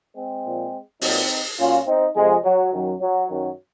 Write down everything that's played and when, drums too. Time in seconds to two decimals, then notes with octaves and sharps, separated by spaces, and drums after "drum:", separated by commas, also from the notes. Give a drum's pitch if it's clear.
0.16 G#3 C4
0.45 A#2 F3
1.01 A#2 F#3 C4 D#4, drum: open hi-hat
1.58 A#2 F#3 C#4 F4
1.86 C4 D#4
2.15 F2 C3 F3 G#3
2.44 F#3
2.72 F#2 D#3 F#3
3.00 F#3
3.29 F#2 D#3 F#3